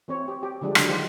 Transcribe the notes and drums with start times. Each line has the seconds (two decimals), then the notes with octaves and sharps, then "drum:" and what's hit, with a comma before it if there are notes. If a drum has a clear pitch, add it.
0.08 E3 C4 C#5
0.28 G4
0.43 G4
0.61 D3 F3 G3 G#3 D4
0.75 D3 F#3, drum: rim click
0.89 D#3 F4 G4 C5